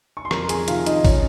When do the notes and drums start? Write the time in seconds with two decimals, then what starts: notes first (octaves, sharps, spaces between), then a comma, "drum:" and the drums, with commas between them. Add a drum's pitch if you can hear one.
0.17 C#6
0.25 C6
0.31 F2 A#4 A#5, drum: rim click
0.49 G#4 G#5, drum: hi-hat
0.68 C3 D#3 F4 F5, drum: hi-hat
0.86 D#4 D#5, drum: hi-hat
1.05 C#4 C#5, drum: kick, open hi-hat